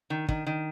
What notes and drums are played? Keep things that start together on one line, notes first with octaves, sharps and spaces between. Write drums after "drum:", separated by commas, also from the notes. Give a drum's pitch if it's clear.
D#3
D#3, drum: kick
D#3